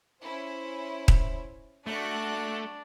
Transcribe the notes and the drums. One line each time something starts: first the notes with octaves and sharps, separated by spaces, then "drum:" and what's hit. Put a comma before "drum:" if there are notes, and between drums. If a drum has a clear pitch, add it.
C#4 E4 C5
drum: kick D#1
A3 D4 F#4 D5 F#6